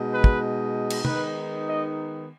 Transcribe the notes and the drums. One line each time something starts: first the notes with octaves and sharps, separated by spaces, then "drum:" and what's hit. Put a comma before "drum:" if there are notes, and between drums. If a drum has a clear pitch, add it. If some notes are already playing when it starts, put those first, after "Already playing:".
Already playing: B2 G#3 D#4
B4
drum: kick
drum: cymbal
D#3 G#3 B3 D#4 B4, drum: tom
D#5